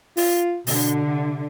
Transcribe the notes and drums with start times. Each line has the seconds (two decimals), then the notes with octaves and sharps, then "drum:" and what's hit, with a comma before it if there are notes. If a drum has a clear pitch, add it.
0.17 F4, drum: open hi-hat
0.67 B2 D3, drum: open hi-hat
1.06 C3